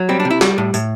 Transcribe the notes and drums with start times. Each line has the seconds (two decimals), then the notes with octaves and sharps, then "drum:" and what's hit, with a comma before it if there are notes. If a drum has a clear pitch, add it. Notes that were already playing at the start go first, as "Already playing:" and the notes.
Already playing: F#3
0.09 G3 C4
0.20 D4
0.25 C3
0.30 E4
0.41 G3, drum: snare
0.58 A2
0.74 A2, drum: tambourine